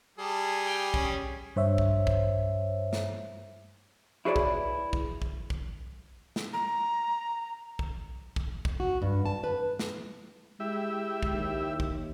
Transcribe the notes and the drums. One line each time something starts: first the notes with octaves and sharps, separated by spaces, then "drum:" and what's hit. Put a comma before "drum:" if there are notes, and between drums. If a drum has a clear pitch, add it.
G3 G#4 A5
G5 F6
C#4 B5, drum: kick
G2 C5 C#5 E5
drum: kick
drum: kick
drum: snare
E4 F#4 G#4 B4 C#5 D5
drum: kick
drum: kick
drum: kick
drum: kick
drum: snare
A#5
drum: kick
drum: kick
drum: kick
F#4
G2
A5
B4
drum: snare
G#3 E4 G4 E5
drum: kick
D#2
drum: kick